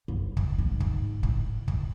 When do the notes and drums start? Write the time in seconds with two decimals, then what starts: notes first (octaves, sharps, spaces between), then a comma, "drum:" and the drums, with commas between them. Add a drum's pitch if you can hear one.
0.08 F#1
0.37 drum: kick
0.58 G#2
0.80 drum: kick
1.23 A2, drum: kick
1.68 drum: kick